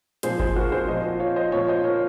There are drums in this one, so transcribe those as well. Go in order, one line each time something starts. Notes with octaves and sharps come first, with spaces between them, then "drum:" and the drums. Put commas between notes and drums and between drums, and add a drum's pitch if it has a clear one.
A#2 F3 G#4 C5, drum: hi-hat
G#4 C5, drum: kick G1
F#4 A#4
G#4 C5
A#2 F3 C5 D#5
C#5 F5
C5 D#5
A#2 F3 C#5 F5
C5 D#5
A#4 C#5